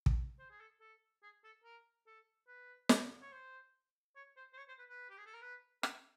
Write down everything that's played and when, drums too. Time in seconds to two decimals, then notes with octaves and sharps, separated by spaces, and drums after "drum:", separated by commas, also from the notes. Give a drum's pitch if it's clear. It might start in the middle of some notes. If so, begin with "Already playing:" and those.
0.06 drum: kick
0.39 C5
0.50 G#4
0.60 A4
0.81 A4
1.23 G#4
1.44 A4
1.64 A#4
2.07 A4
2.48 B4
2.89 drum: snare
3.22 C#5
3.32 C5
4.16 C#5
4.37 C5
4.53 C5
4.58 C#5
4.68 C5
4.79 B4
4.89 B4
5.10 G4
5.18 G#4
5.26 A4
5.34 A#4
5.42 B4
5.83 A#4, drum: rim click